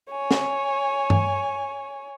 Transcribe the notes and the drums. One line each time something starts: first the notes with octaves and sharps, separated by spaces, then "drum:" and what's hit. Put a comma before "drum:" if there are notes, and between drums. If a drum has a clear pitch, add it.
C#5 G#5
drum: snare
drum: tom G2